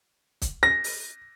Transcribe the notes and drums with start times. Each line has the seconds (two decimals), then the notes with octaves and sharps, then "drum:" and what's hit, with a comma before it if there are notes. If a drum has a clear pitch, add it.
0.42 drum: kick, hi-hat
0.63 A#6
0.84 drum: open hi-hat